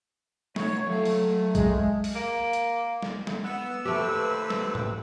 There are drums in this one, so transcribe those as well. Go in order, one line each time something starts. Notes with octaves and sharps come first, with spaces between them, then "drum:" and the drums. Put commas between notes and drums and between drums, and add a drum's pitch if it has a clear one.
A3 D#4 C#5, drum: snare
F#3 A3 F5
drum: open hi-hat
G#3, drum: kick A#1, hi-hat
drum: open hi-hat
A#3
drum: hi-hat
drum: snare
drum: snare
B3 E6
D#2 C3 A3 G4 B4
drum: snare
drum: tom G#2